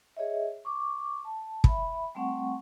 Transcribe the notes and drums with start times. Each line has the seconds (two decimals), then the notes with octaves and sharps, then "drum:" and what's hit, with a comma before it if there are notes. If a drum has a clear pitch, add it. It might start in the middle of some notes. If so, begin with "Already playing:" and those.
0.17 G#4 C#5 D#5 E5
0.65 C#6 D6
1.25 A5
1.64 E5 B5, drum: kick
2.15 G3 A3 C4 F#5 C#6